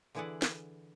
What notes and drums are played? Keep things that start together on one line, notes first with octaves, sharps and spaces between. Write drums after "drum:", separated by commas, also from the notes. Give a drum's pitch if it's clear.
D3 E3 E4 G#4 D5 F#5
drum: snare